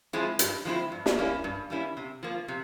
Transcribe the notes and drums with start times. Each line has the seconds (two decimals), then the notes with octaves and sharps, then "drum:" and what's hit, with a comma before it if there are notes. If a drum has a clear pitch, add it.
0.13 F3 G#3 C4 E4
0.39 G2, drum: hi-hat
0.65 F3 G#3 C4 E4
0.92 G2
1.06 drum: snare
1.18 G3 A#3 C#4 E4
1.44 G2
1.70 G3 A#3 C#4 E4
1.97 C3
2.23 F3 A#3
2.48 C3